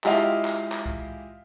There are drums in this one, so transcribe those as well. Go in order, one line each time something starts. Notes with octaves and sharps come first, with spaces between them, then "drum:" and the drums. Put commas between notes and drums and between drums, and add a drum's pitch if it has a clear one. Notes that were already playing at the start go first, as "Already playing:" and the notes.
G#3 E4 F4 G4 D#5 F5, drum: clap
drum: clap
drum: clap
drum: kick C2